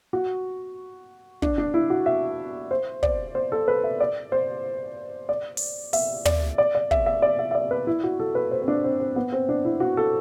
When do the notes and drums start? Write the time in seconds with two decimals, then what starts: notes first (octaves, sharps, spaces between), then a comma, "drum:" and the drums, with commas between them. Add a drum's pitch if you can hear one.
0.13 F#4
1.42 D4, drum: kick
1.58 D4
1.74 E4
1.90 F#4
2.06 E5
2.71 C5
3.03 D5, drum: kick
3.35 C5
3.52 A4
3.68 B4
3.84 E5
4.00 D5
4.32 C5
5.29 D5
5.57 drum: open hi-hat
5.93 E5, drum: open hi-hat
6.25 D5, drum: tom
6.58 D5
6.75 D5
6.91 E5, drum: kick
7.06 E5
7.22 D5
7.39 E5
7.51 E5
7.55 D5
7.71 B4
7.87 E4
8.03 F#4
8.20 A4
8.35 B4
8.51 C5
8.62 C4
8.68 D4
8.84 C4
9.00 C4
9.16 B3
9.32 C4
9.49 D4
9.65 E4
9.80 F#4
9.97 A4